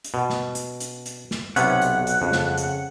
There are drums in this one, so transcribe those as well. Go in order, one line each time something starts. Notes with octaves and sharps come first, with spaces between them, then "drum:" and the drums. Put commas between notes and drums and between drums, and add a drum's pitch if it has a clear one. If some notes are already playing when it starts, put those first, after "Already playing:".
drum: hi-hat
B2
drum: snare
drum: hi-hat
drum: hi-hat
drum: hi-hat
drum: snare
B1 C3 B3 C#4 F#5, drum: hi-hat
drum: hi-hat
drum: hi-hat
F2 C#3
drum: snare
drum: hi-hat